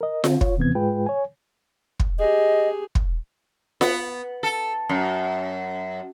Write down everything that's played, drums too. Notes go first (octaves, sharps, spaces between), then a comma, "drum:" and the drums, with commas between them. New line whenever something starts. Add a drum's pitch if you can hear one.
A#4 D#5
D3 C4, drum: snare F4
F4 C#5, drum: kick
D#2 C3 E3 B3 C4 G#6
G#2 G#3 F4 G#4 B4 G5
C#5 G#5
drum: kick
G4 G#4 D#5
drum: kick
B3, drum: snare F4
A4
F#2